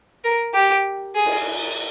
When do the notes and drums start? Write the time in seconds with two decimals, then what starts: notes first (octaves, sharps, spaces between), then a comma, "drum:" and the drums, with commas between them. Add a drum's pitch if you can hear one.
0.24 A#4
0.54 G4
1.15 G#4
1.26 drum: cymbal